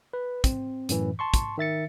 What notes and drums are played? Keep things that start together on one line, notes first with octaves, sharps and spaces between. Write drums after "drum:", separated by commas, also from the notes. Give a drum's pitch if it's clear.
B4
C4, drum: kick, hi-hat
F#2 A2 E3, drum: hi-hat
A5 C6 C#6
drum: kick, hi-hat
D#3 E5 A6 C#7